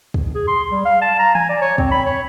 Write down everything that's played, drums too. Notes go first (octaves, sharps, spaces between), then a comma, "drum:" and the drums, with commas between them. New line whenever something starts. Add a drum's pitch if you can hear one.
drum: kick
G#4
C6
G3
F5
A5
A#5
G#5, drum: tom E3
D5
C#5
C4, drum: kick
B5
C#5